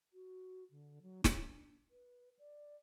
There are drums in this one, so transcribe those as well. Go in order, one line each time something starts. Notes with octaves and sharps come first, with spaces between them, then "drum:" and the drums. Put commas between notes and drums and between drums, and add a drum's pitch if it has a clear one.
F#4
D3
F#3
D4, drum: snare
B4
D5